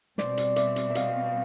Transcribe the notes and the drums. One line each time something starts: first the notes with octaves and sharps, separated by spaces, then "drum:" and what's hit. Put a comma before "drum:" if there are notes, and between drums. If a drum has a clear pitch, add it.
B2 G3 C4 C5 D5, drum: snare
drum: hi-hat
D5 E5, drum: hi-hat
drum: hi-hat
E5
D#5 F5, drum: hi-hat